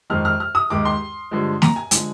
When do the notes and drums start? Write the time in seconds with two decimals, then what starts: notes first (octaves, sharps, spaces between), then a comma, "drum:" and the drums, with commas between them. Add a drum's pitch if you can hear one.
0.10 F2 D#3 G#3 F6
0.25 F6
0.40 F6
0.55 D#6
0.70 D#2 D#3 G#3 D6
0.85 C6
1.31 G2 D3 F3 G#3
1.62 A#5, drum: snare
1.76 G#5
1.91 D3 F3 G#3 G#5, drum: hi-hat